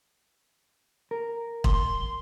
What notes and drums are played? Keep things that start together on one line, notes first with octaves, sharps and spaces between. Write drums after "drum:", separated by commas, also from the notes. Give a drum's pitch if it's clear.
A#4
C6, drum: kick